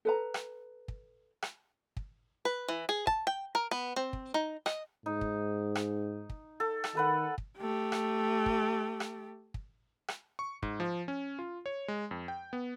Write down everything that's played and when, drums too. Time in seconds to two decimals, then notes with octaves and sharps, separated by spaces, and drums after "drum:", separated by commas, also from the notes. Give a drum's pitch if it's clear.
0.05 A4 B4 A#5
0.34 drum: rim click
0.88 drum: kick
1.42 drum: rim click
1.97 drum: kick
2.45 B4
2.68 E3
2.89 G#4
3.07 A5, drum: kick
3.27 G5
3.55 A#4
3.71 B3
3.96 C4
4.13 drum: kick
4.34 D#4
4.66 D#5, drum: rim click
5.06 G#2 D#4
5.21 drum: kick
5.75 drum: rim click
6.30 drum: kick
6.60 A4
6.84 drum: rim click
6.95 D#3 A4 B4 F#5
7.38 drum: kick
7.58 A3 G4
7.92 drum: rim click
8.46 drum: kick
9.00 drum: rim click
9.54 drum: kick
10.08 drum: rim click
10.39 C#6
10.63 G#2, drum: kick
10.80 F3
11.08 C#4
11.39 F4
11.66 C#5
11.88 G#3
12.11 F2
12.28 G5
12.53 B3